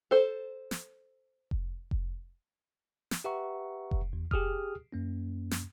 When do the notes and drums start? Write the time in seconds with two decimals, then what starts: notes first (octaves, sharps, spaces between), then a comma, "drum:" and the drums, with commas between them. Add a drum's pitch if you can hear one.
0.11 A4 C5
0.71 drum: snare
1.51 drum: kick F1
1.91 drum: kick F1
3.11 drum: snare
3.24 G4 B4 E5 F#5 A#5 C#6
3.91 drum: kick F1
4.13 G#1 E2
4.31 G4 G#4 D#6 F6, drum: kick F1
4.92 F#2 A#3 C#4
5.51 drum: snare